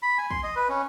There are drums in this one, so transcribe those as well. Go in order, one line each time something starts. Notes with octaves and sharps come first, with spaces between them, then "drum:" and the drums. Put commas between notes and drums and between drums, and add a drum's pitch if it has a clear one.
B5
G#5
C6, drum: kick
D#5
B4
C#4